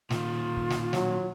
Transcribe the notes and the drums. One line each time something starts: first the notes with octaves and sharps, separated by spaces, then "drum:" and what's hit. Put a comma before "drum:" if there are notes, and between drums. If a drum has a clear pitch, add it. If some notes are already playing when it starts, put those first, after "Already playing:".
A#2 D#3 F4, drum: snare
drum: kick
drum: snare
F#3, drum: snare